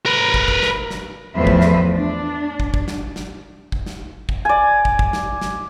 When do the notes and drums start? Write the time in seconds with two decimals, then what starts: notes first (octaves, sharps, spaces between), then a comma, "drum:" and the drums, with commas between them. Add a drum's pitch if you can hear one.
0.06 A#4 B4
0.34 drum: kick
0.48 drum: kick
0.62 drum: snare
0.90 drum: snare
1.36 E2 A2 F3 B4 C5 E5
1.47 drum: kick
1.61 drum: snare
1.95 D4
2.60 drum: kick
2.74 drum: kick
2.88 drum: snare
3.16 drum: snare
3.72 drum: kick
3.86 drum: snare
4.29 drum: kick
4.45 D5 G#5
4.85 drum: kick
4.99 drum: kick
5.13 drum: snare
5.41 drum: snare